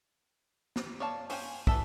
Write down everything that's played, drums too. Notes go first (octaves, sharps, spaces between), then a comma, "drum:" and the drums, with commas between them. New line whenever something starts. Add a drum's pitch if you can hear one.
drum: snare
C#5 D5 F5 A5
C#4 C5 F5 G5 G#5, drum: open hi-hat
E3 B3 A4 E5, drum: kick